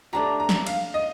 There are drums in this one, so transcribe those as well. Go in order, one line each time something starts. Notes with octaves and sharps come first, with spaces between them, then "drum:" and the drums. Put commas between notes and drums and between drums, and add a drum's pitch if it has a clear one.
A3 D4 G4 A#5
A#5
drum: snare
F5, drum: cymbal
D#5